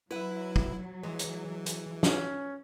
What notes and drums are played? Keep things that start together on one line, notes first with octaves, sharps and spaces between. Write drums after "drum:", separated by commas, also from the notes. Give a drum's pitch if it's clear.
F#3 E4 B4 F#5
drum: kick
E3 G#3
drum: hi-hat
drum: hi-hat
C#4, drum: snare